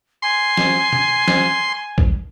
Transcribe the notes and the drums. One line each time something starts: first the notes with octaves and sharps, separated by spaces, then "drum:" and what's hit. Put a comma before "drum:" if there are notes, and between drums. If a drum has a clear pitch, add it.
G#5 C6
drum: snare
drum: tom C3
drum: snare
drum: kick